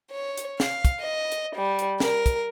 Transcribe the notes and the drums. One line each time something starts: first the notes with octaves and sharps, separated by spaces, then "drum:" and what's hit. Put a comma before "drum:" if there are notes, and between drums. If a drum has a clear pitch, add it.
C#5
drum: hi-hat
F5, drum: snare
drum: kick, hi-hat
D#5
drum: hi-hat
G3
drum: hi-hat
A#4, drum: snare
drum: kick, hi-hat